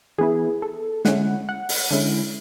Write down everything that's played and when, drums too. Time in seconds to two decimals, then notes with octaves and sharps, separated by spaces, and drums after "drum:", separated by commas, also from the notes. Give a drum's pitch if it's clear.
0.18 E3 B3 E4 G#4
0.62 A4
1.05 D3 G#3 C#4 E4 F#5, drum: snare
1.49 F#5
1.69 drum: open hi-hat
1.91 D3 G#3 C#4 E4